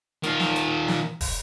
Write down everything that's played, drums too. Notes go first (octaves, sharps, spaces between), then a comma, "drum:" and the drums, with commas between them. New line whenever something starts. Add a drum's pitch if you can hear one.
D#3 F4, drum: hi-hat
drum: snare
drum: hi-hat
drum: snare
drum: kick, open hi-hat